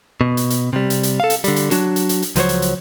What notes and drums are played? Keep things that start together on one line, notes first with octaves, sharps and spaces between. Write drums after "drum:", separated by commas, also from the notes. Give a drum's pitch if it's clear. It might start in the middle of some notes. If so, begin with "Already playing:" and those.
B2
drum: hi-hat
drum: hi-hat
C3 G3
drum: hi-hat
drum: hi-hat
A4 F5
drum: hi-hat
D3 G3, drum: hi-hat
drum: hi-hat
F#3 D4 F#4, drum: hi-hat
drum: hi-hat
drum: hi-hat
drum: hi-hat
C#2 F3 F#3 C5 C#5, drum: hi-hat
drum: hi-hat
drum: hi-hat